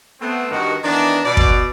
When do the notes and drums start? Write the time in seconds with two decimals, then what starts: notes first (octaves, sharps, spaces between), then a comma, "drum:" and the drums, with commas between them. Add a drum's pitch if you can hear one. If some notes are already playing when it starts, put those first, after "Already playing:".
0.21 A3 B3 C4
0.51 G2 D#3 F#4
0.83 D#3 E3 B3 D4
1.24 B2 D5
1.37 drum: kick